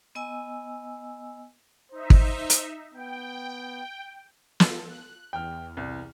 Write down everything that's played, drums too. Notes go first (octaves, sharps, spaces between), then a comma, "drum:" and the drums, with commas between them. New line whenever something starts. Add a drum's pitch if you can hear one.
B3 D#5 G#5 E6
D#4 C5 E5
drum: kick
drum: hi-hat
B3 G5
F4 A4, drum: snare
F#6
E2 G5 F6
C2